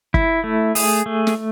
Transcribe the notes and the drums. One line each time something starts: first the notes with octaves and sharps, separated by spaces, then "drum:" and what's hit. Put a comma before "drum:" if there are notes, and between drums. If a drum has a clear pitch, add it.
E4, drum: kick
A3
G#4, drum: open hi-hat
A3
drum: snare